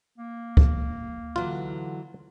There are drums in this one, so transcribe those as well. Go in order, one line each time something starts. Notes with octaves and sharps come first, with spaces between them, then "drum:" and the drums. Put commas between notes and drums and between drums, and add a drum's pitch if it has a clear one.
A#3
drum: kick C#2
D3 E3 F#3 F4